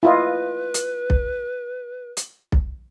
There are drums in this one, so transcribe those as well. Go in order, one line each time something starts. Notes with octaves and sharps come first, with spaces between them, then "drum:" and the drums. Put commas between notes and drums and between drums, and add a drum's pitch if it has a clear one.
E4 F4 B4 D#5
drum: hi-hat
drum: kick B1
drum: hi-hat
drum: kick B1